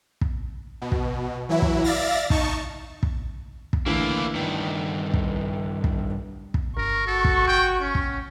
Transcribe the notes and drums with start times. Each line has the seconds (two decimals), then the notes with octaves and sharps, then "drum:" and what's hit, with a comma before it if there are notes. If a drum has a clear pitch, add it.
0.21 drum: kick
0.82 B2
0.92 drum: kick
1.49 E3 F#3 E4
1.62 drum: kick
1.84 D5 E5 F5 A6 A#6
2.30 D#4 A5 C#6, drum: kick
3.03 drum: kick
3.73 drum: kick
3.86 D3 E3 A3 A#3 E4
4.35 G2 D#3
5.14 drum: kick
5.84 drum: kick
6.54 drum: kick
6.77 G1 A#4 C#6
7.07 F#4 A4
7.24 drum: kick
7.48 G5
7.80 C#4
7.95 drum: kick